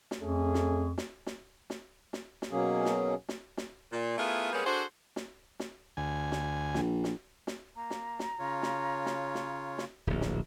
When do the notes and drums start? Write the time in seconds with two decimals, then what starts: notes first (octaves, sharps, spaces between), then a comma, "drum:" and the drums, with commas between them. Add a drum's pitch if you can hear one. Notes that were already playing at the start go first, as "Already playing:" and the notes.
0.11 drum: snare
0.20 F2 A3 C#4 G#4
0.54 drum: snare
0.98 drum: snare
1.26 drum: snare
1.70 drum: snare
2.13 drum: snare
2.42 drum: snare
2.51 B2 F#3 A#3 C#4 G#4
2.85 drum: snare
3.29 drum: snare
3.57 drum: snare
3.92 A#2
4.18 A3 B3 E4 F4 G#4 A#4
4.53 G3 G#3 A#3 B3 C#4 G#4
4.66 D4 F#4 G#4 A4 C5
5.16 drum: snare
5.60 drum: snare
5.97 D2 G#5
6.32 drum: snare
6.74 A#1, drum: snare
7.04 drum: snare
7.47 drum: snare
7.76 A#3 A#5
7.90 drum: snare
8.19 drum: snare
8.39 C#3 F4 C#5
8.63 drum: snare
9.06 drum: snare
9.35 drum: snare
9.78 drum: snare
10.07 D1 A#1
10.21 drum: snare